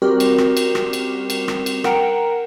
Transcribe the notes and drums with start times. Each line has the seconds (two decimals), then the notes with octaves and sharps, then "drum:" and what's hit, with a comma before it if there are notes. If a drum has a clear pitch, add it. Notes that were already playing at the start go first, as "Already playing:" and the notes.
0.02 G3 C4 F#4 G4 A#4
0.20 drum: cymbal
0.38 drum: rim click
0.57 drum: cymbal
0.75 drum: rim click
0.93 drum: cymbal
1.30 drum: cymbal
1.48 drum: rim click
1.66 drum: cymbal
1.84 A#4 F#5 G5 A#5, drum: rim click